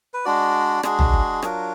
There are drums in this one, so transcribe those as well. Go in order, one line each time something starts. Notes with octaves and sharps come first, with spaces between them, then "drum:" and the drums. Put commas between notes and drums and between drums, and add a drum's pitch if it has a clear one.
B4
G#3 D4 F#4 D5
G#3 D4 F#4 G#4, drum: rim click
drum: tom
drum: kick
F#3 D4 F4 A#4, drum: rim click